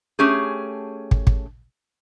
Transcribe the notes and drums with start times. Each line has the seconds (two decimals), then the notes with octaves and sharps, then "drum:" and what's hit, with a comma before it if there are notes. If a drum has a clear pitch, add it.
0.19 A3 C#4 G4 G#4
1.11 drum: kick
1.27 drum: kick